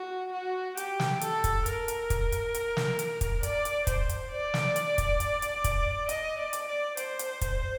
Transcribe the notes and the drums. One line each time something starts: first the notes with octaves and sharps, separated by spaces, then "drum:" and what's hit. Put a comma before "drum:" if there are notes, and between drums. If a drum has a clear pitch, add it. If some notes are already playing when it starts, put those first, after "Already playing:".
Already playing: F#4
F#4
G4, drum: hi-hat
drum: snare
A4, drum: hi-hat
drum: kick, hi-hat
A#4, drum: hi-hat
drum: hi-hat
drum: kick, hi-hat
drum: hi-hat
drum: hi-hat
drum: snare
drum: hi-hat
drum: kick, hi-hat
D5, drum: hi-hat
drum: hi-hat
C5, drum: kick, hi-hat
drum: hi-hat
D5
drum: snare
drum: hi-hat
drum: kick, hi-hat
drum: hi-hat
drum: hi-hat
drum: kick, hi-hat
D#5, drum: hi-hat
D5
drum: hi-hat
D5
C5, drum: hi-hat
drum: hi-hat
drum: kick, hi-hat